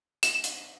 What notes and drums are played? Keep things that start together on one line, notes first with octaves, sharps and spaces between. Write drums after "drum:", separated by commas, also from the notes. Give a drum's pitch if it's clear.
E7, drum: hi-hat
drum: hi-hat